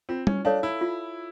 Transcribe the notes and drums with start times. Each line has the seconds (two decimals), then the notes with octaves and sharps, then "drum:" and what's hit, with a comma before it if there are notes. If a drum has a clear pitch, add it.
0.09 C4 F4
0.27 C#4, drum: tom G3
0.45 D4 A4 C#5 F5 A5
0.63 E4
0.81 F4